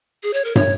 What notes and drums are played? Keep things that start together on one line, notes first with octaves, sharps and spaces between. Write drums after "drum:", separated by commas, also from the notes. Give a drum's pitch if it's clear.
G#4
C#5
A#4
C#5, drum: tom